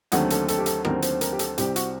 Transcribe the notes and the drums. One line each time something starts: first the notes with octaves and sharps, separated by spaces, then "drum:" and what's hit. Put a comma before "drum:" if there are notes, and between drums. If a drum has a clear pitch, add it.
D#2 D3 F#3 A3 C4 F#5, drum: hi-hat
A4, drum: hi-hat
A4, drum: hi-hat
G4
A4, drum: hi-hat
D#2 D3 F#3 A3 C4 A#4, drum: rim click
C5, drum: hi-hat
A#4, drum: hi-hat
G4
A4, drum: hi-hat
C2 C3 G3 C4 G4, drum: hi-hat
F#4, drum: hi-hat